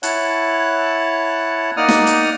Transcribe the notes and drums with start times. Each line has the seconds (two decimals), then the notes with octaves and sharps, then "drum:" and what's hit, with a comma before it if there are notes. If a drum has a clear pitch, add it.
0.03 E4 C#5 F#5 A5 F#6, drum: hi-hat
1.77 A#3 D#4 D5 F#5 D#6 F6
1.89 drum: snare
2.07 drum: hi-hat